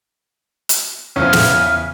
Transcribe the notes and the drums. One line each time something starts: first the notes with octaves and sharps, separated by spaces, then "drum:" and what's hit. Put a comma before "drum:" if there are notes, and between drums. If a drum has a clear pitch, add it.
drum: hi-hat
E2 C#3 F3 C#4 E5 G#5 F6
drum: snare